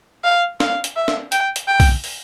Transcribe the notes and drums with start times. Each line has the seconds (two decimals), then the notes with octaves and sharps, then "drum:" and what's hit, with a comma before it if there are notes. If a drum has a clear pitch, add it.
0.24 F5
0.60 F5, drum: snare
0.84 drum: hi-hat
0.96 E5
1.08 drum: snare
1.32 G5, drum: hi-hat
1.56 drum: hi-hat
1.68 G5
1.80 drum: kick B1, open hi-hat
2.04 drum: open hi-hat